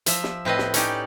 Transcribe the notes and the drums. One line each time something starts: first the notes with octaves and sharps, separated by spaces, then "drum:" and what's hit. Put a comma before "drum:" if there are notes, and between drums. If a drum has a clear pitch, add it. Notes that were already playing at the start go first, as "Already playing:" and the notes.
F3 E5, drum: hi-hat
drum: snare
A2 C4 B4 D#5
drum: snare
C#4 D#4 G4 D5, drum: hi-hat